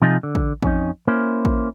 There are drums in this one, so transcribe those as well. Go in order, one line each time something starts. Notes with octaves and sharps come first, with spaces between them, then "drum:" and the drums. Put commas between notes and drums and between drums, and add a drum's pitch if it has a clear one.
C3 F3 D#4 F4 G#4
D3
drum: kick A1
F2 C#4 D#4, drum: kick A1
A#3 C#4 E4 C5
drum: kick A1